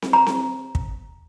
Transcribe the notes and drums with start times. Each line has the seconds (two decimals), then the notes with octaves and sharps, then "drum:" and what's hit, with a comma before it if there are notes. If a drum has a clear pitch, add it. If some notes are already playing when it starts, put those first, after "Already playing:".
0.02 drum: snare C4
0.13 A#5
0.26 drum: snare C4
0.75 drum: kick